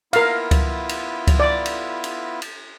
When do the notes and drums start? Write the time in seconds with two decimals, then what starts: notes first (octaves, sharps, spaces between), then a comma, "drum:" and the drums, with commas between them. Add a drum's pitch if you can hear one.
0.13 B3 E4 F4 A#4 F5, drum: cymbal
0.51 drum: kick C#2, cymbal
0.89 drum: cymbal
1.27 drum: kick C#2, cymbal
1.40 D5
1.66 drum: cymbal
2.04 drum: cymbal
2.42 drum: cymbal